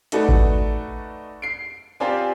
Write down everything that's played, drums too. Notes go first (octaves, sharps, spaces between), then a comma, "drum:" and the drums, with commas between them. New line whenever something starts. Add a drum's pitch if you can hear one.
A3 D#4 F#4 A4 B4 D5, drum: hi-hat
drum: kick G#1
C7 D7
C4 F4 G4 C5 D5 G#5